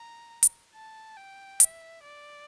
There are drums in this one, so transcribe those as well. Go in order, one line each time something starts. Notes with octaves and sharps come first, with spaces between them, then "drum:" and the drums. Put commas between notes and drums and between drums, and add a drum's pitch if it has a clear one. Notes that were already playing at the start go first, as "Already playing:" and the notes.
Already playing: A#5
drum: hi-hat
A5
G5
E5, drum: hi-hat
D5